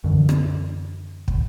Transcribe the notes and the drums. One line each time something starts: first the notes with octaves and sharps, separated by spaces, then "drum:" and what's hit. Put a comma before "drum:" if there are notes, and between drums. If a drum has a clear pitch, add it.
F#2 D3 E3
drum: rim click
drum: kick